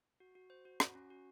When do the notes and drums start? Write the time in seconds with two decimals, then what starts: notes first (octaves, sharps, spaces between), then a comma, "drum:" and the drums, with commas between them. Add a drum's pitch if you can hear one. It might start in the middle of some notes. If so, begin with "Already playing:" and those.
0.20 F#4
0.35 F#4
0.50 C5
0.65 F#4
0.80 F#4, drum: rim click
0.95 C#4
1.10 F#4